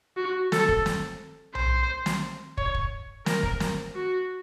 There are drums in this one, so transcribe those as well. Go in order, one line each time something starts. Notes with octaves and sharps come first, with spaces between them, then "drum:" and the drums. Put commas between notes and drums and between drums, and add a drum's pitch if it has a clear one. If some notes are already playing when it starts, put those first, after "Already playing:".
F#4
A4, drum: snare
drum: kick
drum: snare
C5, drum: tom B1
drum: snare
C#5, drum: kick
drum: kick
A#4, drum: snare
drum: kick
drum: snare
F#4